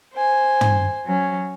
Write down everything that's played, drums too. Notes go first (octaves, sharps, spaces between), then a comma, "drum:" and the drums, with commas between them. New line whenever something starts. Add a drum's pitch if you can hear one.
C5 G#5
drum: tom
F#3 C#4